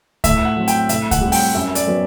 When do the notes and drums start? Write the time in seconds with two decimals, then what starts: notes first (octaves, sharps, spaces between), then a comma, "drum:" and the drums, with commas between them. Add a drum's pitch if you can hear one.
0.24 A2 E5, drum: kick C#2, hi-hat
0.45 F#5
0.57 F#3 C4
0.68 G5, drum: hi-hat
0.89 A2 E5, drum: hi-hat
1.11 F#5, drum: kick C#2, hi-hat
1.21 G3 C4
1.32 G5, drum: open hi-hat
1.54 F#2 E5
1.75 D5, drum: hi-hat
1.87 F#3 B3